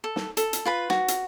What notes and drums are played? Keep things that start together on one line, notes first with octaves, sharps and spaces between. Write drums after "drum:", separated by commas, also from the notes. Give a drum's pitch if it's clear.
A4
drum: snare
A4, drum: hi-hat
drum: hi-hat
F4 B4 B5
F#4, drum: snare
drum: hi-hat